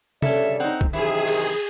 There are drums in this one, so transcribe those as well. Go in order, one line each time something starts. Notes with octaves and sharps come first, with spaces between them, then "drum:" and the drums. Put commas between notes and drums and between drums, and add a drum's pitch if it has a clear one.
G2 C#3 C#4 A4 D5 E5, drum: tom
C4 D#4 F#5
drum: kick
F#2 C3 D#3 E3 G#4 E5
drum: cymbal